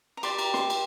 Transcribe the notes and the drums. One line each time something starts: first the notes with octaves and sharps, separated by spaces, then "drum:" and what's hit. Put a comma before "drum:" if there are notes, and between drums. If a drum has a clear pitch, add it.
A#5
G4 D5 C6, drum: cymbal
A#5, drum: cymbal
C6, drum: snare
drum: cymbal